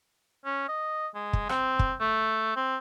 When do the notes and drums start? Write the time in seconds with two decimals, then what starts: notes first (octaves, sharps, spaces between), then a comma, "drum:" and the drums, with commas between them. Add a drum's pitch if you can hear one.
0.45 C#4
0.68 D#5
1.15 G#3
1.33 drum: kick
1.49 C4, drum: rim click
1.79 drum: kick
2.00 A3
2.56 C4